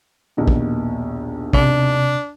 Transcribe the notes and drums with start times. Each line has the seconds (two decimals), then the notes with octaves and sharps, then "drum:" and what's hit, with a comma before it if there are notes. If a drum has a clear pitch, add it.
0.37 A#1 D#2 B2
0.48 drum: kick
1.53 C3 D4, drum: kick